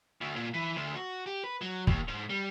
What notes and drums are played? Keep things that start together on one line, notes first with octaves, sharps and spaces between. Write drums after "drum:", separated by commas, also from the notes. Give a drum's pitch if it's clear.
D2
A#2
E3
D2
F#4
G4
B4
F#3
D#2, drum: kick
G#2
G3